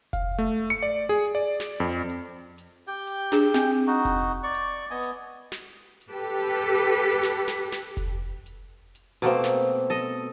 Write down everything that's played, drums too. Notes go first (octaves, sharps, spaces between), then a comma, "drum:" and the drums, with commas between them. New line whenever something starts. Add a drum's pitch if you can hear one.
F5, drum: kick F1, hi-hat
A3
C#7
D5
G#4
D5
drum: snare
F2
drum: hi-hat
drum: hi-hat
G4 G5
drum: hi-hat
D4 G#4, drum: snare
C4, drum: snare
D#4 F#4
drum: kick F1, hi-hat
D5 C#6
drum: hi-hat
B3 D#5 G#5
drum: hi-hat
drum: snare
drum: hi-hat
G4 A4 B4
drum: hi-hat
drum: hi-hat
drum: snare
drum: snare
drum: snare
drum: kick F1, hi-hat
drum: hi-hat
drum: hi-hat
B2 A3 A#3 C4
drum: snare
A4 D#5